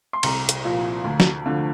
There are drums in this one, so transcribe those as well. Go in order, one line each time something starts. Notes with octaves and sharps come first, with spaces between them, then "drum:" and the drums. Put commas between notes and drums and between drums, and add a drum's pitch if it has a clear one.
C6
C2 A#5, drum: cymbal
drum: hi-hat
A#2 F3
D2
drum: snare
D3 F3